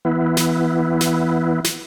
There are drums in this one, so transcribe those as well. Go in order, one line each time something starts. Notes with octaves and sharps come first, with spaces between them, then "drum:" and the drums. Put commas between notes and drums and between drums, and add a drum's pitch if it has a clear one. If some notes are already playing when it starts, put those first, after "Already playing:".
E3 B3 E4
drum: snare
drum: snare
drum: snare